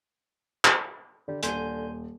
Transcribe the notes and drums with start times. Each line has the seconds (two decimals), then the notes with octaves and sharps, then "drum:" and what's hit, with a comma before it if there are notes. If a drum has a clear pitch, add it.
0.65 drum: clap
1.28 D3 G3
1.43 D#1 D3 G#5 C6 G6, drum: hi-hat